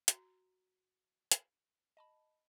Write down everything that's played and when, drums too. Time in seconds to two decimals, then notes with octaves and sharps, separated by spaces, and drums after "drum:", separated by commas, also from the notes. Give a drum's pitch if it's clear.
0.08 F#4 A#5, drum: hi-hat
1.31 drum: hi-hat
1.97 D#5 A5 B5